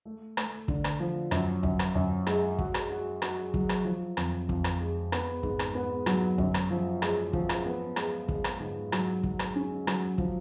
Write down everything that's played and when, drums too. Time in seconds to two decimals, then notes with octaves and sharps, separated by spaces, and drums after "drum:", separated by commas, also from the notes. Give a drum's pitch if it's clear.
0.05 A3
0.37 A3, drum: rim click
0.68 D3, drum: kick
0.84 drum: rim click
1.00 F3
1.31 F#2, drum: rim click
1.63 F#2, drum: kick
1.79 drum: rim click
1.95 F#2
2.27 G#3, drum: rim click
2.59 F#4, drum: kick
2.74 drum: rim click
2.90 F#4
3.22 F#4, drum: rim click
3.54 F#3, drum: kick
3.69 drum: rim click
3.85 F3
4.17 F2, drum: rim click
4.49 F2, drum: kick
4.64 drum: rim click
4.81 G#3
5.12 B3, drum: rim click
5.43 G#2, drum: kick
5.59 drum: rim click
5.75 B3
6.06 F#3, drum: rim click
6.38 F#2, drum: kick
6.54 drum: rim click
6.70 F3
7.02 G#3, drum: rim click
7.33 F3, drum: kick
7.49 drum: rim click
7.66 B3
7.96 G#3, drum: rim click
8.28 G#3, drum: kick
8.44 drum: rim click
8.60 G#2
8.92 F#3, drum: rim click
9.23 F#3, drum: kick
9.39 drum: rim click
9.56 C#4
9.87 F#3, drum: rim click
10.18 F3, drum: kick